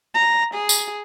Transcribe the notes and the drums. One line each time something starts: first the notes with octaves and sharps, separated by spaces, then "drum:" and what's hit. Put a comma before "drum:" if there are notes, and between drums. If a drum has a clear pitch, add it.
A#5
G#4
drum: tambourine